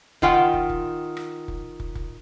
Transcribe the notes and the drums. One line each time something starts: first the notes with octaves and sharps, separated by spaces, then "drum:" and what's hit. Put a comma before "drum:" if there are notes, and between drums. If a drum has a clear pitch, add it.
D#3 F4 F#5 G5, drum: kick
drum: kick
drum: kick
drum: rim click
drum: kick
drum: kick
drum: kick